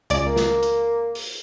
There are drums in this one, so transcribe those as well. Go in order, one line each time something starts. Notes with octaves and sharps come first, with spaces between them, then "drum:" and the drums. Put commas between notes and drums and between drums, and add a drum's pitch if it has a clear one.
C#2 D5, drum: hi-hat
A#3
drum: snare
drum: hi-hat
drum: open hi-hat